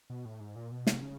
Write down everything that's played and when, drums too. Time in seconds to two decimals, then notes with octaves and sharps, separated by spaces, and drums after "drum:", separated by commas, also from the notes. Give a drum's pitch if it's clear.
0.10 B2
0.25 A2
0.40 G#2
0.56 A#2
0.71 B2
0.87 C3, drum: snare
1.02 C#3